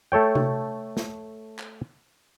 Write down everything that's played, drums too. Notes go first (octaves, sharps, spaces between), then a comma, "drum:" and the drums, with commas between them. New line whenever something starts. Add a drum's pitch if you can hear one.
A3 A4 C#5 G5
drum: tom C3
drum: snare
drum: clap